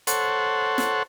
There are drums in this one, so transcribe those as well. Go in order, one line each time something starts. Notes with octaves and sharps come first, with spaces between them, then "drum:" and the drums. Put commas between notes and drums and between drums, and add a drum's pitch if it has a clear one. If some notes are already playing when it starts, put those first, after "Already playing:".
A4 C5 C#5 F#5, drum: hi-hat
drum: snare